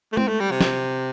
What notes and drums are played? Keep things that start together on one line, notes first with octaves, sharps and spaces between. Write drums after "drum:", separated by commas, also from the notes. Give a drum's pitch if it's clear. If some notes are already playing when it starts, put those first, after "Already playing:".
A3
C4, drum: tom G#3
A3
G3
C3
drum: snare